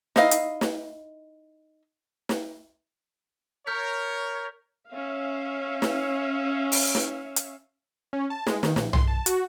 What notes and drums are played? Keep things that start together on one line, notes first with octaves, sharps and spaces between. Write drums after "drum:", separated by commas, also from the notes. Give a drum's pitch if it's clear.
D#4 E4 D#5 F5, drum: snare
drum: hi-hat
drum: snare
drum: snare
A#4 C#5 F6 G6 B6
C#4 E5 F5
drum: snare
drum: open hi-hat
drum: snare
drum: hi-hat
C#4
A5
G#3, drum: snare
D#3, drum: snare
A#1, drum: snare
C6, drum: tom B1
A5
F#4, drum: hi-hat